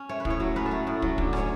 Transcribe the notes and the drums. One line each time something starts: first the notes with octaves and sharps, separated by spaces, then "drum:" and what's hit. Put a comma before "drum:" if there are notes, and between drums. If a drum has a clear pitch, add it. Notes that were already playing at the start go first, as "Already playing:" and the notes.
Already playing: C#4
A3 C#5
B4
A2, drum: kick
C#5
F#3
C#4 B4
A4
A3
A2
F#3, drum: kick
D3, drum: kick
C#4 C#5, drum: rim click